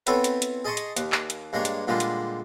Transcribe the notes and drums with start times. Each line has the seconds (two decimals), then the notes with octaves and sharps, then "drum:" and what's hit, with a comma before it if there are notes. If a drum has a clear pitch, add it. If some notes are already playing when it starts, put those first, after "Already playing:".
0.07 B3 C4 E4 A4 B4 C#5, drum: hi-hat
0.24 drum: hi-hat
0.42 drum: hi-hat
0.65 G#4 D#5 A5 C6 C#6 D#6
0.77 drum: hi-hat
0.97 D#2, drum: hi-hat
1.12 drum: clap
1.30 drum: hi-hat
1.53 G2 G#3 A#3 C#5 A#5
1.65 drum: hi-hat
1.87 A#2 D3 F3 G3 G#3
2.00 drum: hi-hat